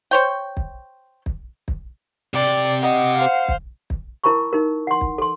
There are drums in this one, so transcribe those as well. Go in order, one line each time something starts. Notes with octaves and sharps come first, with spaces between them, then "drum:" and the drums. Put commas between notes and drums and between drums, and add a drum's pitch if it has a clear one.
C5 C#5 G5
drum: kick
drum: kick
drum: kick
C3 G4 D5
D#5 F#5
C5 F5
drum: kick
drum: kick
E4 A#4 A5 B5 C#6
D#4 A#4
F#5 C6
drum: kick
A4 C6